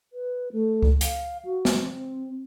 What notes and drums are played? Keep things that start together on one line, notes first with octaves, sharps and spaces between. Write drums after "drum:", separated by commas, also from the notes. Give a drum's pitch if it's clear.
B4
A3
drum: kick C#2
F5, drum: hi-hat
F#4
drum: snare
C4